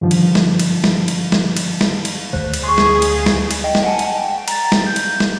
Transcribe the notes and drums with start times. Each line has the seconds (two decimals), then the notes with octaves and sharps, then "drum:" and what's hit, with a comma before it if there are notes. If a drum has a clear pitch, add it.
0.01 G2 D3 D#3 F3
0.11 drum: cymbal
0.35 drum: snare
0.59 drum: cymbal
0.84 drum: snare
1.08 drum: cymbal
1.32 drum: snare
1.57 drum: cymbal
1.81 drum: snare
2.05 drum: cymbal
2.33 D2 D#3 A3 C5
2.54 drum: cymbal
2.63 G#4 C6 C#6
2.78 drum: snare
3.02 drum: cymbal
3.26 drum: snare
3.51 drum: cymbal
3.64 D#5 G5
3.75 drum: snare
3.84 F#5 G#5 A5
3.99 drum: cymbal
4.18 G5
4.48 A#5 A6, drum: cymbal
4.72 drum: snare
4.87 G6
4.96 drum: cymbal
5.20 drum: snare